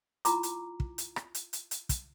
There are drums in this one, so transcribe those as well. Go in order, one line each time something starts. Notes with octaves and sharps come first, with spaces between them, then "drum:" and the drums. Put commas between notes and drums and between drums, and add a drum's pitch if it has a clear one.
E4 F4 A#5 D6, drum: hi-hat
drum: hi-hat
drum: kick
drum: hi-hat
drum: rim click
drum: hi-hat
drum: hi-hat
drum: hi-hat
drum: kick, hi-hat